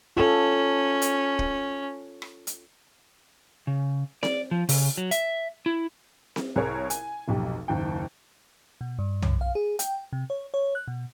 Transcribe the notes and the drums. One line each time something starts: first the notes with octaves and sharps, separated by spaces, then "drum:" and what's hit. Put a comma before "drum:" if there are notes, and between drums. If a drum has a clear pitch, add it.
C#4 F4 A4
drum: hi-hat
drum: kick
drum: rim click
drum: hi-hat
C#3
D5, drum: snare C4
F3
C#3, drum: open hi-hat
F#3
E5, drum: hi-hat
E4
drum: snare C4
C2 G#4 A#4 C#5
G#5, drum: hi-hat
F1 B1 G4
F#1 D#2 G5
B2
G2
F#2, drum: tom
F5
G#4
G5, drum: hi-hat
C3
C#5
C#5
F#6
B2